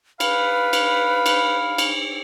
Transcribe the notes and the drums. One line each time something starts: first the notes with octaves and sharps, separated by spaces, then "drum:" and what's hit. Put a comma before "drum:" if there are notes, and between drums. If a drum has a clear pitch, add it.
B4 F5 B5, drum: cymbal
drum: cymbal
drum: cymbal
drum: cymbal